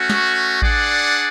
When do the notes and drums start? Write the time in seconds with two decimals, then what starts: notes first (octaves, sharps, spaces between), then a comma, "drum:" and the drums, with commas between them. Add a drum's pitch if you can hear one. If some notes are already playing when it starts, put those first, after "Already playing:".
Already playing: A3 C#4 F#4
0.10 drum: snare
0.62 D4 G#4 D5 F#5, drum: kick A1